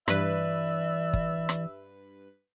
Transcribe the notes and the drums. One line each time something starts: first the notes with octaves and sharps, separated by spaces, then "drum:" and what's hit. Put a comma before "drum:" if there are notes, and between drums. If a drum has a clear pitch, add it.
G2 E3 B4 D5 E5, drum: rim click
drum: kick
drum: rim click